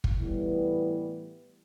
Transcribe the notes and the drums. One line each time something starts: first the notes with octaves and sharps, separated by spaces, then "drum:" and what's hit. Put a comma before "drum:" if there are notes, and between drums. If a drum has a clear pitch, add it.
drum: kick
A2 E3 G3 B3